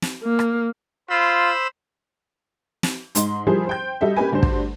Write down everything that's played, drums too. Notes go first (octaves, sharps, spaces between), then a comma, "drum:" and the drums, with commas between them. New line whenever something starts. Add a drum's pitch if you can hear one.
drum: snare
A#3
drum: rim click
F4 C5 B5 E6
drum: snare
G#2 G#3 C6, drum: hi-hat
F3 G3 E4 G#4 A#4 C5
C5 G5 G6
G3 F#4 A4 D#5 E5
A#3 C#4 G4 B4 G#5
D2 G2 D4 C5
drum: kick